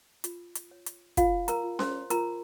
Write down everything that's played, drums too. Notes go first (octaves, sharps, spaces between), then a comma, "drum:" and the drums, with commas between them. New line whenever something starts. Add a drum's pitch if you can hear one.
F4, drum: hi-hat
drum: hi-hat
C#5
drum: hi-hat
F4 A#4 F5, drum: kick, hi-hat
A#4 A#5, drum: hi-hat
F4
C5 C6, drum: snare C#4
F4 A#4 A#5, drum: hi-hat